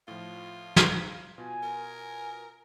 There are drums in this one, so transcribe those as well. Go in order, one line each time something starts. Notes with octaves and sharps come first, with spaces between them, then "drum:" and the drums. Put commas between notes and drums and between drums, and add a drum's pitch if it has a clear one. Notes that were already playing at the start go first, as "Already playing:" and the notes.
A2 F3 F4
drum: snare
B2 F4 G#5
A#4